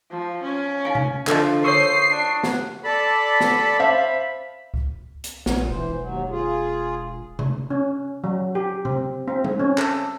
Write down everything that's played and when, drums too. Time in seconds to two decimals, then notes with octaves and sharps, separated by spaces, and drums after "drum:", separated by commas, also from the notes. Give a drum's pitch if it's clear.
0.11 F3
0.42 C#4
0.85 D#4 F5 G#5
0.95 drum: tom C3
1.27 D3 F3 A4 D#5, drum: clap
1.64 A#4 C5 C#5 C#6 D#6 C7
2.10 D4
2.43 drum: snare
2.85 A4 D5 A5 B5
3.40 drum: snare
3.79 C5 E5 F5
4.74 drum: kick C#2
5.24 drum: hi-hat
5.46 A#1 A#2, drum: snare
5.70 E1 E3 C5
5.99 D#2 F#3
6.29 F4 G#4
7.39 drum: tom C3
7.70 C#4
8.24 F#3
8.55 G4
8.85 C4, drum: tom C3
9.28 C4
9.44 drum: tom G3
9.59 C#4
9.78 A4, drum: clap